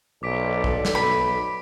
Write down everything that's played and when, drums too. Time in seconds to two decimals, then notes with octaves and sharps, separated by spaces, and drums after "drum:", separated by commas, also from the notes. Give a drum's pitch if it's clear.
0.23 B1 A4 D5 D6 B6 D7
0.64 drum: kick
0.85 drum: snare
0.95 B1 B5